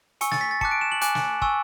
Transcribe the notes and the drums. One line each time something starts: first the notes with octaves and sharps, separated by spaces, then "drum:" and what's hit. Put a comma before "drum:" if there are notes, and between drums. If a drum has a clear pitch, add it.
G#5 C#6 E6 C#7, drum: hi-hat
A6, drum: snare
B6
A6
A5 D6 F#6 C#7, drum: kick
D7
E7
F#7
G#5 D6 F#6, drum: hi-hat
drum: snare
G#5 C#6 E6, drum: kick